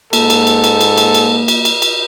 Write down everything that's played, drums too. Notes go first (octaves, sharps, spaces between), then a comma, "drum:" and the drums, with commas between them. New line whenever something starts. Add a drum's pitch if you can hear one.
G#2 A#3 A4, drum: cymbal
drum: cymbal
drum: cymbal
drum: cymbal
drum: cymbal
drum: cymbal
drum: cymbal
drum: cymbal
drum: cymbal
drum: cymbal